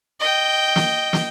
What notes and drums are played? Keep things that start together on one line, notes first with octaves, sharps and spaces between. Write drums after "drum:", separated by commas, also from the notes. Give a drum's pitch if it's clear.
D#5 G5
drum: snare
drum: snare